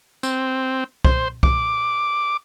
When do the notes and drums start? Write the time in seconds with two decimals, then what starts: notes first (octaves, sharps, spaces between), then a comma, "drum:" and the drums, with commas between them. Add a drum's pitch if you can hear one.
0.23 C4, drum: tambourine
1.05 C5, drum: kick C2
1.43 D6, drum: kick C2